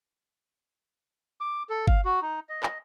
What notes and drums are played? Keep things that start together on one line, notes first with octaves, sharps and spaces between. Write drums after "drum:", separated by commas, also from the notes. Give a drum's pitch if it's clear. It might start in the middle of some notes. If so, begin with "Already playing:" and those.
D6
A4
F5, drum: kick G1
F#4
D#4
D#5
D#5, drum: clap